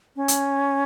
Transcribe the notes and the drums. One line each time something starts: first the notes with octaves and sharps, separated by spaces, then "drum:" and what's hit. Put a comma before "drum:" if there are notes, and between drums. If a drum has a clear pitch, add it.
C#4
drum: hi-hat